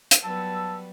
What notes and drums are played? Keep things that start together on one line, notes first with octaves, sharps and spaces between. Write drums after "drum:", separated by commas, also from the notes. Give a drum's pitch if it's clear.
drum: hi-hat
F#3 G3 B3 A5 E6